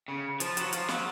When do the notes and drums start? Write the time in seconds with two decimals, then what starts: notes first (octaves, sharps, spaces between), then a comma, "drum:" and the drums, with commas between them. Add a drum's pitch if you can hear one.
0.08 C#3
0.40 F3, drum: hi-hat
0.57 F#3, drum: hi-hat
0.73 F3, drum: hi-hat
0.88 F#3, drum: snare